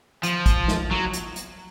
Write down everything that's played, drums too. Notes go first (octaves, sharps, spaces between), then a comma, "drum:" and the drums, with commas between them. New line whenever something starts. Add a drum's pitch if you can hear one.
F3, drum: hi-hat
drum: kick, hi-hat
drum: snare
F#3
drum: hi-hat
drum: hi-hat